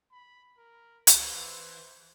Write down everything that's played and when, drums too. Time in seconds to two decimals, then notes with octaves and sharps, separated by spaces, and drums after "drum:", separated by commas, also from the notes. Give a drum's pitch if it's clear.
0.12 B5
0.58 A#4
1.07 drum: hi-hat
1.20 E3 C5